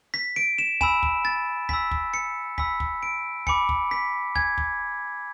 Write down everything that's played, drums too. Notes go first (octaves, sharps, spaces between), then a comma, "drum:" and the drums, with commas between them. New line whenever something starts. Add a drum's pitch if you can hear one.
B6
D7
E7
G#5 B5 E6 E7, drum: kick
drum: kick
A6
G#5 B5 E6 B6, drum: kick
drum: kick
C#7
G#5 B5 E6 B6, drum: kick
drum: kick
D7
G#5 B5 D6 C#7, drum: kick
drum: kick
B6
G#5 G#6, drum: kick
drum: kick